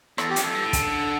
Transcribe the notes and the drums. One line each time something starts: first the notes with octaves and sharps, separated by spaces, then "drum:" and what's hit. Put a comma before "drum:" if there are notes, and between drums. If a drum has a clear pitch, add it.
E2 A4, drum: rim click
G4
F2, drum: hi-hat
A4
G2
A2
C#3, drum: kick, hi-hat
D3